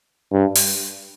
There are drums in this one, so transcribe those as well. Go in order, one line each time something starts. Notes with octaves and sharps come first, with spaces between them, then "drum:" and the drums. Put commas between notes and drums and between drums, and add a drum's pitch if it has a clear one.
G2
drum: open hi-hat